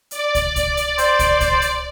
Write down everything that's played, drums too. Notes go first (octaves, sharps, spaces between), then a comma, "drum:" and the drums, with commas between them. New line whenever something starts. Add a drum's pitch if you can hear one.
D5, drum: hi-hat
drum: kick, hi-hat
drum: kick, hi-hat
drum: hi-hat
C5, drum: hi-hat
drum: kick, hi-hat
drum: kick, hi-hat
drum: hi-hat